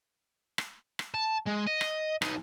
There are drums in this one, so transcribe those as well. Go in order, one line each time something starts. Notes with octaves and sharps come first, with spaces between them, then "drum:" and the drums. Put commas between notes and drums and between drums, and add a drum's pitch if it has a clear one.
drum: rim click
drum: rim click
A5
G#3
D#5
drum: rim click
B3 D#4, drum: rim click